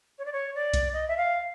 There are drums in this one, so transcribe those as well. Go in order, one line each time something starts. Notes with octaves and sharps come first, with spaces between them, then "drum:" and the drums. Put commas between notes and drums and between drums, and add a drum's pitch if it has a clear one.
C#5
D5
C#5
D5
drum: kick C2, hi-hat
D#5
E5
F5